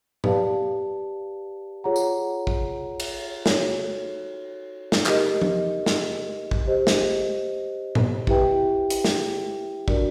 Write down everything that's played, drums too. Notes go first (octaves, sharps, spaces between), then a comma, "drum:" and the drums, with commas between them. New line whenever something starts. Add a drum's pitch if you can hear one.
G4 B4 D5 F5 A5, drum: tom A2
F4 G#4 C#5 F#5 A#5
drum: tambourine
drum: kick
drum: cymbal
D#4 F#4 A4 C#5, drum: snare
drum: snare
D#4 G4 A#4 D#5, drum: clap
drum: tom F3
drum: snare
drum: kick
G4 C5 D#5
drum: snare
drum: tom A2
E4 G4 B4 E5 G5, drum: kick
drum: hi-hat
drum: snare
D4 F#4 A#4 D5, drum: kick